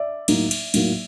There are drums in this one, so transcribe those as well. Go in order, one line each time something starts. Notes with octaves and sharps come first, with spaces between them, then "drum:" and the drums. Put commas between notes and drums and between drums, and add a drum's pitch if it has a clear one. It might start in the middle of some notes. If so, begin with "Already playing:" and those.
Already playing: D5 E5
A2 F#3 A#3 D#4, drum: cymbal
drum: cymbal
A2 F#3 A#3 D#4, drum: cymbal